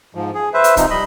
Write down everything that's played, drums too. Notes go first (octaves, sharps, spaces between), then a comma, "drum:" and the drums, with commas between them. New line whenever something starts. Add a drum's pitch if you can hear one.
G#2 F3
G#4
B4 C5 E5
drum: hi-hat
C3 F3 D#4, drum: kick, hi-hat
G3 D#5 B5